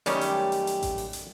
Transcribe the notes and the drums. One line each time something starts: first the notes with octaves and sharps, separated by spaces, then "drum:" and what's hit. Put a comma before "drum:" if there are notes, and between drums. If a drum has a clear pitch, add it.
F#2 D#3 G3 A3 C#4 G4, drum: hi-hat
drum: hi-hat
drum: hi-hat
drum: hi-hat
drum: kick A1, hi-hat
drum: open hi-hat
drum: hi-hat